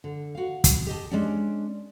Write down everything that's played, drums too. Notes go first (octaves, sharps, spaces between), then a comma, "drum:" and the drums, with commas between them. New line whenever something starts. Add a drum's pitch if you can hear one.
D3
F#4 F5
drum: kick, hi-hat
G4 D#5 A5
G#3 C#4 D4